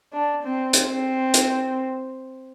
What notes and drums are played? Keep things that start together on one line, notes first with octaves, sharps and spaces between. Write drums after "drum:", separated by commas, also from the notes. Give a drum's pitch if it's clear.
D4
C4
drum: hi-hat
C4
drum: hi-hat